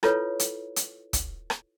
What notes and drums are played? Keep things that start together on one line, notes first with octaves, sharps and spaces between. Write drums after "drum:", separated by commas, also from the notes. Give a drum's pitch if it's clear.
E4 F4 A4 B4 C#5, drum: rim click
drum: hi-hat
drum: hi-hat
drum: kick, hi-hat
drum: rim click